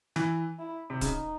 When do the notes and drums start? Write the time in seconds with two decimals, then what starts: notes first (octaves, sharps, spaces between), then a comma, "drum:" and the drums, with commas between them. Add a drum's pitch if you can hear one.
0.16 E3, drum: snare
0.59 E4
0.90 C3
1.01 C#3 D#4, drum: kick, hi-hat